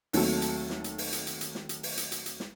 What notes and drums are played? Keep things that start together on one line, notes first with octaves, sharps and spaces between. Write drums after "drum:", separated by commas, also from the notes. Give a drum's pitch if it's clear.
D#2 F#3 A3 C4 A4 A5, drum: open hi-hat
drum: hi-hat
drum: snare
drum: hi-hat
drum: open hi-hat
drum: hi-hat
drum: hi-hat
drum: hi-hat
drum: snare
drum: hi-hat
drum: open hi-hat
drum: hi-hat
drum: hi-hat
drum: hi-hat
drum: snare